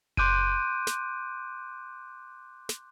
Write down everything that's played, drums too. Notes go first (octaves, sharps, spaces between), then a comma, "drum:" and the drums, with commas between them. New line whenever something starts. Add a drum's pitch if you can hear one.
C6 D6 F#6 G6 D7 D#7, drum: kick F#1
drum: snare
drum: snare